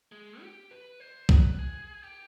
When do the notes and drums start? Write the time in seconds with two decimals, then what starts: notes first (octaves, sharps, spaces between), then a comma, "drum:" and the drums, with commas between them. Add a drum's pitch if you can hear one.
0.12 G#3
0.42 G4
0.71 B4
1.00 C5
1.29 B4, drum: kick
1.59 G#4
2.03 G4